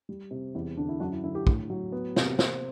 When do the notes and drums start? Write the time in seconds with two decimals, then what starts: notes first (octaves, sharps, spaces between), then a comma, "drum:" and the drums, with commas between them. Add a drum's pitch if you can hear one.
0.09 G3
0.31 C3
0.54 E2 E4
0.66 E4
0.77 D3 D4
0.89 E4
1.00 F#2 D4 F#4
1.12 E4
1.24 D3 E4
1.35 E4 G4
1.47 A2, drum: kick
1.70 F#3
1.92 B3
2.16 C3, drum: snare
2.39 C4, drum: snare